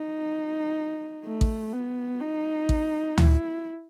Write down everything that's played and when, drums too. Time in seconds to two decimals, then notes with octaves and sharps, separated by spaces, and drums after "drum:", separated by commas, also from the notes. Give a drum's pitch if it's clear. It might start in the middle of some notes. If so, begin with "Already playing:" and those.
Already playing: D#4
1.26 A3
1.41 drum: kick A1
1.73 B3
2.21 D#4
2.69 drum: kick A1
3.18 E4, drum: tom D2